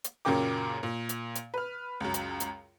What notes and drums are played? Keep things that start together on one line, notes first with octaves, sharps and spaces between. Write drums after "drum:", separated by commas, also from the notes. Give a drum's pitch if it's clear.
drum: hi-hat
F#2 A#2 C#3 A#3 G5 D6
A#2
drum: hi-hat
drum: hi-hat
B4 F6
C#2 F#2
drum: hi-hat
drum: hi-hat